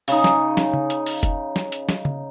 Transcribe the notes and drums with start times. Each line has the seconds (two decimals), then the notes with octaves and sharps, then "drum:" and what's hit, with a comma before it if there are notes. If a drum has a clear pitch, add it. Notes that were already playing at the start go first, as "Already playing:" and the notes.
0.08 C#3 D#4, drum: open hi-hat
0.24 drum: snare
0.57 drum: snare
0.74 drum: tom C#3
0.90 drum: hi-hat
1.06 drum: open hi-hat
1.23 drum: kick F#1, hi-hat
1.56 drum: snare
1.72 drum: hi-hat
1.89 drum: snare
2.05 drum: tom C#3